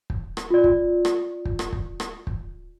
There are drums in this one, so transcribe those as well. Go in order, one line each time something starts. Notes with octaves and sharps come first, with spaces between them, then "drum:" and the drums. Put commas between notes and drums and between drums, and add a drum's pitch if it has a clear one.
drum: kick
drum: rim click
F4 D5
drum: kick
drum: rim click
drum: kick
drum: rim click
drum: kick
drum: rim click
drum: kick